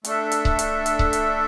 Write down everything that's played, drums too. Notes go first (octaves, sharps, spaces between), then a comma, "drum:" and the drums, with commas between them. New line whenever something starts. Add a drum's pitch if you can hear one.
A3 D4 A4 E5, drum: hi-hat
drum: hi-hat
drum: kick C#1
drum: hi-hat
drum: hi-hat
drum: kick C#1
drum: hi-hat